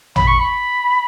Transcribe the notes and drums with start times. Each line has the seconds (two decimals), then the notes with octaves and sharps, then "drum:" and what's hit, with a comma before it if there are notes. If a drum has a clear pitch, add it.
0.16 B5, drum: tom
0.27 C#6
0.39 B5